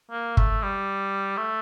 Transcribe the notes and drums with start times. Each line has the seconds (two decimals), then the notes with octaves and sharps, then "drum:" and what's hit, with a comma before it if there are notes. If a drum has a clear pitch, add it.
0.11 A#3
0.37 A3, drum: kick
0.62 G3
1.37 A3